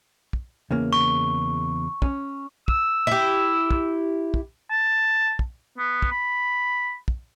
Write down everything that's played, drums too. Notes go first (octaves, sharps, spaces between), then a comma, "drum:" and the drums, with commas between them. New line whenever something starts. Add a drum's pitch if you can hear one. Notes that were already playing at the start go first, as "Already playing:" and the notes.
drum: kick
E2 C#3 A#3
C#6
C#4, drum: kick
E6, drum: kick
E4 G4
drum: kick
drum: kick
A5
drum: kick
B3
drum: kick
B5
drum: kick